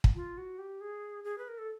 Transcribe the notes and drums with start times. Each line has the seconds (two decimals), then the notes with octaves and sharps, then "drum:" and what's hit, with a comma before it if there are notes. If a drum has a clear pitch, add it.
0.04 drum: kick
0.15 F4
0.38 F#4
0.59 G4
0.81 G#4
1.24 G#4
1.38 B4
1.48 A#4
1.58 A4